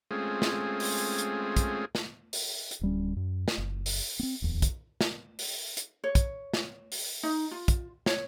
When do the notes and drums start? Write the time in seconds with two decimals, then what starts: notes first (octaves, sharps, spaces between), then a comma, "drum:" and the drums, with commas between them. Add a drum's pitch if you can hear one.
0.11 G#3 A3 C4 C#4 F4 G#4
0.42 drum: snare
0.80 drum: open hi-hat
1.18 drum: hi-hat
1.56 drum: kick, hi-hat
1.95 drum: snare
2.33 drum: open hi-hat
2.71 drum: hi-hat
2.81 D1 G3 C#4
3.16 F#2
3.48 drum: snare
3.58 F#1
3.86 drum: open hi-hat
4.19 B3 C4
4.42 D1 E2
4.62 drum: kick, hi-hat
5.01 drum: snare
5.39 drum: open hi-hat
5.77 drum: hi-hat
6.04 C#5
6.15 drum: kick, hi-hat
6.53 drum: snare
6.92 drum: open hi-hat
7.23 D#4
7.51 F4
7.68 drum: kick, hi-hat
8.06 C#5, drum: snare